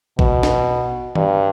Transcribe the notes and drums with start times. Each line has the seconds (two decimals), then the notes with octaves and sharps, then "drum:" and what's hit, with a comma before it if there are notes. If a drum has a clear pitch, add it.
0.19 B2, drum: kick A1
0.43 drum: snare
1.15 G2, drum: tom D#3